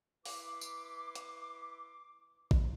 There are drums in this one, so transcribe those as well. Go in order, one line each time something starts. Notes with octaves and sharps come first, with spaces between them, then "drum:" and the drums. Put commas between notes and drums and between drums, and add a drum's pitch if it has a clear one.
E4 B4 C6 D6, drum: open hi-hat
drum: tambourine
drum: hi-hat
drum: kick